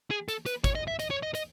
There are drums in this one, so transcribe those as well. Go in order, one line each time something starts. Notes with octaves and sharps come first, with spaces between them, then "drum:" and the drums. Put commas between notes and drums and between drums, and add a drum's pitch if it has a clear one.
G#4
A4, drum: hi-hat
B4, drum: hi-hat
C#5, drum: kick, hi-hat
D#5
E5
D#5, drum: hi-hat
C#5
D#5
D#5, drum: hi-hat